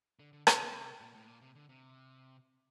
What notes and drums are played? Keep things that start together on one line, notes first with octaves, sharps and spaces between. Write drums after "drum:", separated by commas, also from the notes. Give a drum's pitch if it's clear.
D3
D3
C3, drum: rim click
C3
A#2
A2
A#2
C3
D3
C3